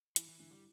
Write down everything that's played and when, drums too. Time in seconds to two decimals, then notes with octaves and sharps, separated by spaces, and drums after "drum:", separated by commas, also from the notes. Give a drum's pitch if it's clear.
0.16 E3 E4, drum: hi-hat
0.28 E3
0.39 D3 E3
0.51 G3